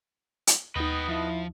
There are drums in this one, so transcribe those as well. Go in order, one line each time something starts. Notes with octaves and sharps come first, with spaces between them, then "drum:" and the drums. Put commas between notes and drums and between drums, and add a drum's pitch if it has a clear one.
drum: hi-hat
D#2 B3 D#4 B4 D#5 G5
F3 E4